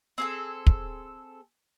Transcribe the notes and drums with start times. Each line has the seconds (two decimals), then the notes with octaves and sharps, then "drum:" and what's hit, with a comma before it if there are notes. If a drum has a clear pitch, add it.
0.18 C4 G#4 A4
0.67 drum: kick